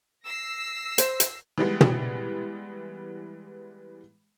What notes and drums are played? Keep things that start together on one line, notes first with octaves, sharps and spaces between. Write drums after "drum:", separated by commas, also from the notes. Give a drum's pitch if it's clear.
E6 A#6 C7
C5, drum: hi-hat
drum: hi-hat
E3 G3 G#3 B3
drum: tom